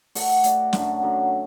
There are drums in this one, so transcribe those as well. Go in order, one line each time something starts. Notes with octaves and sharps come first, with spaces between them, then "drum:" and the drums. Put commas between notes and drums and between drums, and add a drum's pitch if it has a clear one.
A3 F#4 D5, drum: open hi-hat
A3 F#4 D5, drum: hi-hat
F#2 D3 F#3, drum: snare
F#2 D3 F#3